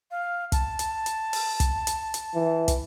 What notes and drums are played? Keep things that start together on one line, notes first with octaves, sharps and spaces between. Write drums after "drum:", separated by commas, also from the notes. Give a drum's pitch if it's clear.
F5
A5, drum: kick, hi-hat
drum: hi-hat
drum: hi-hat
drum: open hi-hat
drum: kick, hi-hat
drum: hi-hat
drum: hi-hat
E3
drum: kick, hi-hat